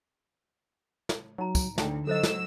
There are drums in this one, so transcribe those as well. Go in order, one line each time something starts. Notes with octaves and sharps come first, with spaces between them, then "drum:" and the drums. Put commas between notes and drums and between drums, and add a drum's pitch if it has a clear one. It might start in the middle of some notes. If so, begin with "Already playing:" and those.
drum: snare
F#3 D#4 A#5
drum: kick, tambourine
D2 D3 D#4 G5, drum: snare
F#3 A4 C5 D#5 E6
drum: snare